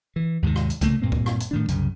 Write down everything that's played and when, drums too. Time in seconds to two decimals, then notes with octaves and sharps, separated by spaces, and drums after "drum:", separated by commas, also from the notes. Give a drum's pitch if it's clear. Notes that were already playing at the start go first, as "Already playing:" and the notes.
0.16 E3
0.42 D#2 G#2 C3 D#3
0.56 drum: rim click
0.70 drum: hi-hat
0.81 C2 C#3 A3 A#3, drum: kick C#2, hi-hat
1.02 G2 A#2 A#3 C4
1.12 drum: kick C#2
1.26 drum: rim click
1.40 drum: hi-hat
1.51 A2 D#3 D4
1.68 C2 F#2 C#3, drum: hi-hat